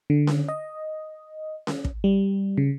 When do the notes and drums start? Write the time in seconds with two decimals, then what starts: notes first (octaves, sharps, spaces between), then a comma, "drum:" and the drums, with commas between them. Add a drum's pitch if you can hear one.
0.10 D3
0.27 drum: snare C#4
0.49 D#5
1.67 drum: snare C#4
1.85 drum: kick
2.04 G3
2.58 C#3